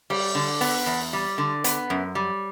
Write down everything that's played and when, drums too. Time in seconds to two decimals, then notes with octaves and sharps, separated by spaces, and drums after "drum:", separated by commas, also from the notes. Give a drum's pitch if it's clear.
0.10 G3, drum: cymbal
0.35 D3
0.61 B3, drum: open hi-hat
0.86 E2
1.13 G3
1.38 D3
1.64 B3, drum: hi-hat
1.90 F#2
2.15 G3